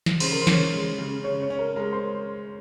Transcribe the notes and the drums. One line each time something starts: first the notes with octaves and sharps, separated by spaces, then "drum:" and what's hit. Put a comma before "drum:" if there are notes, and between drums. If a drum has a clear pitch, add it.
drum: snare
C#3 C5, drum: cymbal
A#4
C5
C#4, drum: snare
G#3
C#3
C#3 C#5
C#5
C#4
A#4
G#3 A#4
C5